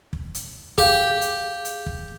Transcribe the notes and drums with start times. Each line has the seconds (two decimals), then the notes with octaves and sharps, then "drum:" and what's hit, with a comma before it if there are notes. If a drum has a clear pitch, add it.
0.13 drum: kick
0.34 drum: hi-hat
0.78 G4 G#4 F5, drum: kick, open hi-hat
1.21 drum: hi-hat
1.65 drum: hi-hat
1.86 drum: kick